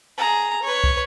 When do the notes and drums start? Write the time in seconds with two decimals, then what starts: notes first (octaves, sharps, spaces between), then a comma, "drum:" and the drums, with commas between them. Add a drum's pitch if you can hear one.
0.18 G#4 A#5
0.62 B4 C#5
0.84 drum: kick